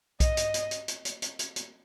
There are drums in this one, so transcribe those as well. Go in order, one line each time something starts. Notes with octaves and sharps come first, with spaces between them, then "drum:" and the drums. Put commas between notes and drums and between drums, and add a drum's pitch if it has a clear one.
D#5, drum: kick B1, hi-hat
drum: hi-hat
drum: hi-hat
drum: hi-hat
drum: hi-hat
drum: hi-hat
drum: hi-hat
drum: hi-hat
drum: hi-hat